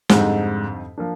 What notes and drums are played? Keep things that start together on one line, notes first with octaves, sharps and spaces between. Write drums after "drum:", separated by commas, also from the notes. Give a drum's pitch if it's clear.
F2 G#2 D3 G3 C4 D#4, drum: snare
F3 A#3 D4